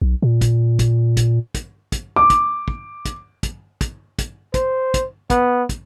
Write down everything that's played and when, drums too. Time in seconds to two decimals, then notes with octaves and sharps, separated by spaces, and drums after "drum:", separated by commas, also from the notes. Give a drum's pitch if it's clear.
0.02 B1
0.22 A#2
0.41 drum: kick, hi-hat
0.79 drum: kick, hi-hat
1.17 drum: kick, hi-hat
1.54 drum: kick, hi-hat
1.92 drum: kick, hi-hat
2.16 D6
2.30 drum: kick, hi-hat
2.68 drum: kick
3.05 drum: kick, hi-hat
3.43 drum: kick, hi-hat
3.81 drum: kick, hi-hat
4.18 drum: kick, hi-hat
4.54 C5, drum: kick, hi-hat
4.94 drum: kick, hi-hat
5.30 B3, drum: kick, hi-hat
5.69 drum: kick, hi-hat